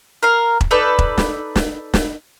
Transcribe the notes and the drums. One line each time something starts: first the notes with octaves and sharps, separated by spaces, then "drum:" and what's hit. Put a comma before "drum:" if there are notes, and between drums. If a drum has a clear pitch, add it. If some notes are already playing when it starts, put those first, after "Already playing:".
A#4 F5
drum: kick E1
D#4 A4 B4 D5
drum: kick E1
drum: snare
drum: snare
drum: snare